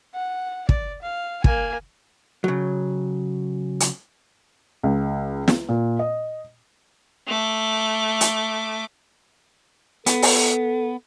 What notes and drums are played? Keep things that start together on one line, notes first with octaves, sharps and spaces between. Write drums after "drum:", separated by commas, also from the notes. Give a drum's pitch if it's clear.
F#5
D5, drum: kick
F5
A#3 G#5, drum: kick
C#3 F#3
drum: hi-hat
C#2
drum: snare
A#2
D#5
A3 D6
drum: hi-hat
B3 A4, drum: hi-hat
drum: open hi-hat